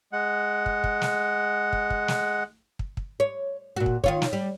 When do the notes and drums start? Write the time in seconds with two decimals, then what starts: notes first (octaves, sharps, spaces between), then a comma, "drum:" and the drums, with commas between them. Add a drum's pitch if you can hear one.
0.13 G#3 F#5
0.66 drum: kick
0.84 drum: kick
1.01 drum: snare
1.73 drum: kick
1.90 drum: kick
2.08 drum: snare
2.79 drum: kick
2.97 drum: kick
3.20 C#5
3.76 A#2 F#4
3.86 drum: kick
4.04 D#3 F4 C#5, drum: kick
4.22 drum: snare
4.33 G3